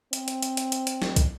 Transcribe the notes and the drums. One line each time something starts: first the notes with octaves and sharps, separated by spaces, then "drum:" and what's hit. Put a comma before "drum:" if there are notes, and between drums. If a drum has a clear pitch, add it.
C4, drum: hi-hat
drum: hi-hat
drum: hi-hat
drum: hi-hat
drum: hi-hat
drum: hi-hat
drum: snare
drum: kick, hi-hat